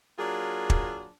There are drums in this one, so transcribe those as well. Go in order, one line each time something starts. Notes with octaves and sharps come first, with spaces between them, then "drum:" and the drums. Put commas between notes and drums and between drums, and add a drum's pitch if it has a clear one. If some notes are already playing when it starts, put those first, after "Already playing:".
F#3 A#3 D4 F4 G#4
drum: kick